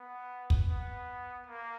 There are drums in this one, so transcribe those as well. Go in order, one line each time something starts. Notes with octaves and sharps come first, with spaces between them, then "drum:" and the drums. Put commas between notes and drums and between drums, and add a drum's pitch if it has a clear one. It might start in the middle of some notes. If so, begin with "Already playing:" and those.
Already playing: B3
drum: kick
B3
A#3